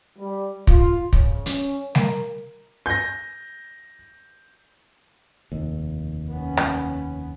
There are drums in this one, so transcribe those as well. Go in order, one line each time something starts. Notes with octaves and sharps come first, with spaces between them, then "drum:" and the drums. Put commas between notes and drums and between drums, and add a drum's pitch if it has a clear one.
G3
F4, drum: kick
C#3, drum: kick
C#4, drum: hi-hat
A#4, drum: snare G3
G6 A#6
F1 D#2
B3 C#4
drum: rim click